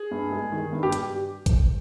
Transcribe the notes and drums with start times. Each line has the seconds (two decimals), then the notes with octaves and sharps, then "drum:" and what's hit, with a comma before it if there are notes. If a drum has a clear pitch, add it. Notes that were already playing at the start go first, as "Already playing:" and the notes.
Already playing: G#4
0.11 G2
0.32 G#3
0.52 D#3
0.73 G2
0.83 G4
0.92 drum: hi-hat
1.46 drum: kick A#1, hi-hat